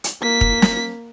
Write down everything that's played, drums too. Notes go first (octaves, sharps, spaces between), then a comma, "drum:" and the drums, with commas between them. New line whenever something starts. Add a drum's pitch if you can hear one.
drum: hi-hat
A#3 B6
drum: kick
drum: snare